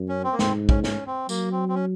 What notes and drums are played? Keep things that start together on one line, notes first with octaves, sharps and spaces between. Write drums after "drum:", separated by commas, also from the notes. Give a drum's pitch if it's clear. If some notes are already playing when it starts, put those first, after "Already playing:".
Already playing: F#2
C#4
C4
A#3
G#2 C4, drum: snare
C#4, drum: kick
C#4, drum: snare
C4
F#3 A#3, drum: tambourine
C4
C4
C#4